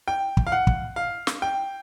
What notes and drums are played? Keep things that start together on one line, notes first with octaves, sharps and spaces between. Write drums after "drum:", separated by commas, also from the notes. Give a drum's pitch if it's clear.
G5
drum: kick
F5
F#5
drum: kick
F5
drum: snare
G5